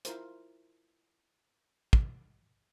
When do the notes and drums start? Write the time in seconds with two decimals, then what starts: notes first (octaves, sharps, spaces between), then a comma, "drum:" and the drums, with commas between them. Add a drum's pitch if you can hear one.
0.05 E4 F4 A#4 C5, drum: hi-hat
1.93 drum: kick